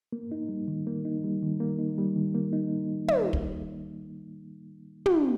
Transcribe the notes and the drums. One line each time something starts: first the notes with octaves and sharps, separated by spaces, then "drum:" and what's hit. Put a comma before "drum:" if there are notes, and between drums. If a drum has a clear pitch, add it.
A#3
D#4
G3
D#3
A#3
D#4
G3
D#3
A#3
D#4
G3
D#3
A#3
D#4
drum: tom
drum: kick
drum: tom